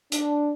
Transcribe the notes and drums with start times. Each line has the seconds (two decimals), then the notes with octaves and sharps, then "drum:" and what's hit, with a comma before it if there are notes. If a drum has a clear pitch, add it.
0.12 D4, drum: hi-hat